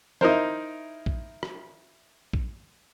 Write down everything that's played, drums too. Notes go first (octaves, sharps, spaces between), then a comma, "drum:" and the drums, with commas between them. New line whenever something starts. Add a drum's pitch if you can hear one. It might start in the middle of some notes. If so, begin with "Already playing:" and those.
D#4 E4 A#4 C5, drum: snare
drum: kick A#1
drum: rim click
drum: kick A#1